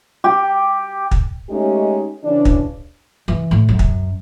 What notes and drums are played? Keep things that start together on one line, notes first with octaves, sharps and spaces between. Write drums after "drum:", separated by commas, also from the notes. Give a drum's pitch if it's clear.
G4
drum: kick
G#3 A3 C#4 D#4 G4
C#3 E3 D4
drum: kick
E3
A2
F#2
drum: kick